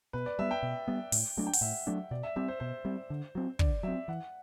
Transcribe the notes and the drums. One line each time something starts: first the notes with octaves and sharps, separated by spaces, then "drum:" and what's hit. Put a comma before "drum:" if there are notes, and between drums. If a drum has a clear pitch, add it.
B2 B4
D5
G3 B3 E5
G5
B2
G3 B3
A2, drum: open hi-hat
F#3 A3 D4
G5
F#5, drum: open hi-hat
A2 E5
F#3 A3 D4
B2 D5
E5
G3 C4 E5
C5
B2 C5
G3 C4
D3
F#3 C4
D3 D5, drum: kick
F#3 C4 E5
E3 F#5